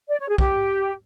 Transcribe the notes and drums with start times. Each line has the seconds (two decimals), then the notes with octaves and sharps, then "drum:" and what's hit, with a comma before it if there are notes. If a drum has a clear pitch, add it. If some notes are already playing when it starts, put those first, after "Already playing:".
0.09 D5
0.19 C#5
0.29 G#4
0.38 G4, drum: kick B1